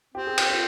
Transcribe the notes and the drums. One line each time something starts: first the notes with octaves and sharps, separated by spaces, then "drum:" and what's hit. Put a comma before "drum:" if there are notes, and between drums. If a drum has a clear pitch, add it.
C4 G4
G#4
G4, drum: cymbal
F4